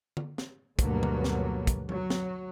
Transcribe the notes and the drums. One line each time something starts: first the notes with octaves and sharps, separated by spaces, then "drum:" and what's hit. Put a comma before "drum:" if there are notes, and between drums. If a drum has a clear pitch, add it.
drum: tom D3
drum: snare
D2 G2 B2 F#3 A#3 B3, drum: kick, hi-hat
drum: tom D3
drum: snare
drum: kick, hi-hat
F#3, drum: tom F#3
drum: snare